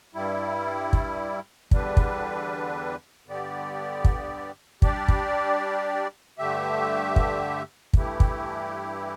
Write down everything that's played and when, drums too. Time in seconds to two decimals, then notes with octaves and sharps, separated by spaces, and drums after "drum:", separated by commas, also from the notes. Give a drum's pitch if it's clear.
0.15 G2 G3 E4
0.93 drum: kick
1.71 E2 D3 G3 D4 B4, drum: kick
1.97 drum: kick
3.27 G2 D3 B3 G4 D5
4.04 drum: kick
4.82 G3 D4 G4 D5, drum: kick
5.08 drum: kick
6.38 G2 D3 A3 G4 E5
7.16 drum: kick
7.93 G2 E3 A3 E4 G4, drum: kick
8.20 drum: kick